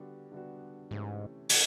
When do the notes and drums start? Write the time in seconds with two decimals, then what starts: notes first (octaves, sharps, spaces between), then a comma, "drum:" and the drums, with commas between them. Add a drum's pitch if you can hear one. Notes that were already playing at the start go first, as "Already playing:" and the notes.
Already playing: D3 G3 B3 D4 F#4
0.32 D3 G3 B3 D4 F#4
0.91 G#2 C3 E3 A3 C#4
1.49 C3 E3 A3 C#4, drum: open hi-hat